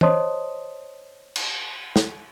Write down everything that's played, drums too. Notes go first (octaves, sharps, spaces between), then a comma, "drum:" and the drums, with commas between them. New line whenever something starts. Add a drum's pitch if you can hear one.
C5 C#5 D#5 A5 C6 D#6, drum: tom
drum: cymbal
drum: snare